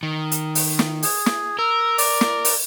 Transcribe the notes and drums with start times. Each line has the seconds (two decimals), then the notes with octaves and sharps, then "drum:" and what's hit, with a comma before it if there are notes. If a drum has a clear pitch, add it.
0.03 D#3
0.32 drum: hi-hat
0.55 drum: open hi-hat
0.79 drum: snare
1.03 G#4, drum: open hi-hat
1.26 drum: snare
1.59 A#4 E6
1.98 D5, drum: open hi-hat
2.21 drum: snare
2.45 drum: open hi-hat